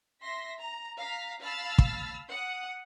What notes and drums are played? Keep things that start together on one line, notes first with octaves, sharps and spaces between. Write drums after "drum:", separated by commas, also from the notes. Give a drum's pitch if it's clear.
E5 C6 A#6 B6
A#5
F5 A#5 B6
F5 A5 B5 E6 F6 A6
drum: kick
F#5 D#6